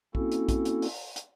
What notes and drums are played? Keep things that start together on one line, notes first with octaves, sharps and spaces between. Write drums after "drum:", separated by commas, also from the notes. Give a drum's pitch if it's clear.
A#3 C4 C#4 E4 F#4 A4, drum: kick
drum: hi-hat
drum: kick, hi-hat
drum: hi-hat
drum: open hi-hat
drum: hi-hat